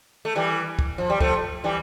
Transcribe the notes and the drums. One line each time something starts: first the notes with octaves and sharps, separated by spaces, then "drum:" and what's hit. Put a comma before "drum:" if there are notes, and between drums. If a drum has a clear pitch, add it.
A3
E3 G3
drum: kick
F3
G3
F3 A3, drum: kick
E3 G3